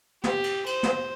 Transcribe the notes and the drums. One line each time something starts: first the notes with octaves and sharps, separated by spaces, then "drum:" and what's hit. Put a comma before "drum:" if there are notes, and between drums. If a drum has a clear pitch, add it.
G4, drum: snare
drum: cymbal
C5, drum: cymbal
drum: snare